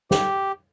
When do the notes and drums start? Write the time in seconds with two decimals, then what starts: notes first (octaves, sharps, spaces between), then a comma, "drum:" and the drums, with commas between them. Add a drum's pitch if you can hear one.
0.11 G4, drum: snare